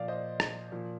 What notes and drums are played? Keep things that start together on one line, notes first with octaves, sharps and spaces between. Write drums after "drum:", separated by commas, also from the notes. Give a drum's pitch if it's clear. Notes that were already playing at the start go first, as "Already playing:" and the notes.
Already playing: A#2 F3 D5 F5
C5 D#5
drum: rim click
A#2 F3